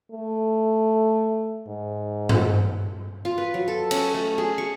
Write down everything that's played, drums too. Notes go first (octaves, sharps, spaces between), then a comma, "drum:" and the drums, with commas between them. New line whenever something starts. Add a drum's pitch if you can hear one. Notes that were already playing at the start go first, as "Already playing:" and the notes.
A3
G#2
drum: tom G2
F4
B4
F#3
A4
C#4, drum: cymbal
A3
G#4
C#6